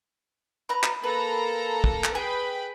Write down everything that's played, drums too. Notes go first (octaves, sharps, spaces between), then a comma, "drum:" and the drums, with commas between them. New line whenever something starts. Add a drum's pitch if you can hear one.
B4 A#5
drum: clap
A#3 A4 B4 A#5
drum: kick
drum: clap
G#4 B4 G5 B5